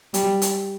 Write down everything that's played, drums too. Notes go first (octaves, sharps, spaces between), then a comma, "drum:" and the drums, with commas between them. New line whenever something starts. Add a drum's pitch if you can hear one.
G3, drum: hi-hat
drum: hi-hat